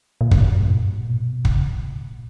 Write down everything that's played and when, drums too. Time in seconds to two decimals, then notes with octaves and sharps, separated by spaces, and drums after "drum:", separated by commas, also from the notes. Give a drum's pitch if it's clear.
0.21 A#2
0.31 G2, drum: kick
0.50 F#2
0.60 G2
0.69 A#2
1.07 B2
1.45 C#3, drum: kick
1.64 A#2